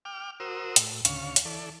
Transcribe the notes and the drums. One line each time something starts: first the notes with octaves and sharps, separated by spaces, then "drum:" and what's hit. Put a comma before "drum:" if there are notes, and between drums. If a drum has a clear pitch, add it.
G5 D6 F6
F#4 A#4 C5 D#6 E6
A2, drum: hi-hat
D2 C#3 F5 C#6, drum: hi-hat
drum: hi-hat
E3 A4 D5